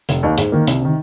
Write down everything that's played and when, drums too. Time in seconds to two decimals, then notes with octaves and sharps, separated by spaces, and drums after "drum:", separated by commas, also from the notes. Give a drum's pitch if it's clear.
0.09 F1, drum: hi-hat
0.23 D#2 D#3 A#3 D#4
0.38 G#2, drum: hi-hat
0.52 D#3 A#3
0.67 C2, drum: hi-hat
0.82 C3 D#3